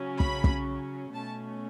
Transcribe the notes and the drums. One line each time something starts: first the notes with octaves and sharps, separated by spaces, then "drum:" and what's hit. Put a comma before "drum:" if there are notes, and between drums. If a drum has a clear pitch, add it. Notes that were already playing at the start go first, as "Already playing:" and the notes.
Already playing: C#3 F#3 C#4
B5, drum: kick
drum: kick
B2 A3 C#4 A5